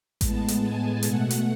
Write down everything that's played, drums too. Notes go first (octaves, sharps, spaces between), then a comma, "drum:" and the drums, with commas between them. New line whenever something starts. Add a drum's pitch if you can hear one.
A2 G#3 B3 A5, drum: kick A1, hi-hat
drum: hi-hat
G#5
B2 A3 F#5, drum: hi-hat
drum: hi-hat